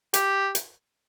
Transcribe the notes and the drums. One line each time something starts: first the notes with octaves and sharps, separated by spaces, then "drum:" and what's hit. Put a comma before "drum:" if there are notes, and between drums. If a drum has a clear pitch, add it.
G4, drum: hi-hat
drum: hi-hat